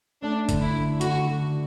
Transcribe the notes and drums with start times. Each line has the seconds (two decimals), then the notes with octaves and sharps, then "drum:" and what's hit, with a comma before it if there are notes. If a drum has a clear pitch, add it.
0.22 A3 D4
0.49 D3, drum: kick, hi-hat
0.62 E4
0.75 D3
1.01 D3 F#4, drum: hi-hat
1.28 D3